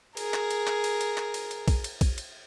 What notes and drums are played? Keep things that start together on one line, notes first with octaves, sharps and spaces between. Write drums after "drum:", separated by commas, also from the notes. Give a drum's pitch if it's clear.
G#4 A#4, drum: cymbal
drum: clap
drum: cymbal
drum: clap
drum: cymbal
drum: cymbal
drum: clap
drum: cymbal
drum: cymbal
drum: kick, cymbal
drum: cymbal
drum: kick, cymbal
drum: cymbal